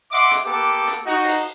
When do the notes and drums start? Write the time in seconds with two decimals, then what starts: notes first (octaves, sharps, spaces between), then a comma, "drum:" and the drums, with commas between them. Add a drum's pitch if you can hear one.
0.12 D#5 E5 F#5 C6 D6
0.31 drum: hi-hat
0.45 A#3 B3 G4 A4 B4 D6
0.87 drum: hi-hat
1.06 D#4 F#4
1.25 drum: open hi-hat